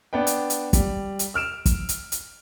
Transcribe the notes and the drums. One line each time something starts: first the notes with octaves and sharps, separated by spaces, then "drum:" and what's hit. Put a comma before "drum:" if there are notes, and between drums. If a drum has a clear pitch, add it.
B3 D4 B4 G5
drum: hi-hat
drum: hi-hat
G3, drum: kick, hi-hat
drum: hi-hat
E6 F6 D7 E7
drum: kick, hi-hat
drum: hi-hat
drum: hi-hat